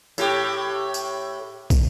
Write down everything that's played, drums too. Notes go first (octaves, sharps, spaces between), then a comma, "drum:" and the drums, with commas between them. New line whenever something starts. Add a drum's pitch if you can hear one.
A2 G4, drum: tambourine
drum: tambourine
drum: kick, tambourine